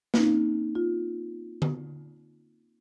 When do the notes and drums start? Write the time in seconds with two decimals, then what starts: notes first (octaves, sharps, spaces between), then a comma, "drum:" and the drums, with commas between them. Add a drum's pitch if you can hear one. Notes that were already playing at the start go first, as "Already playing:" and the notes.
0.14 A#3 C4 C#4 D#4, drum: snare
0.75 F4
1.62 drum: tom D3